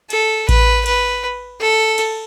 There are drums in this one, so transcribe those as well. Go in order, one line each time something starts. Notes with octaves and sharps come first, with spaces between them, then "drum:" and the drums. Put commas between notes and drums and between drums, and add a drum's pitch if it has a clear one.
A4, drum: cymbal
B4, drum: kick A1, cymbal
B4, drum: cymbal
A4
drum: cymbal